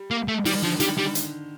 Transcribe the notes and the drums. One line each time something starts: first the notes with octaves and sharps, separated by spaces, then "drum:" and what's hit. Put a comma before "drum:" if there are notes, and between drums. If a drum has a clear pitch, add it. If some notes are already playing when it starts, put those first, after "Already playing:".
Already playing: G3
A#3
A3
D#3 G3, drum: open hi-hat
D3 F3
D#3 G3, drum: hi-hat
D3 G3
drum: hi-hat